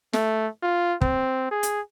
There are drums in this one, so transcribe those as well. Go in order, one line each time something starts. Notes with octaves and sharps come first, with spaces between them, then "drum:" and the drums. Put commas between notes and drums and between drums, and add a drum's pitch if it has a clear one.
A3, drum: snare
F4
C4, drum: kick
G#4
drum: hi-hat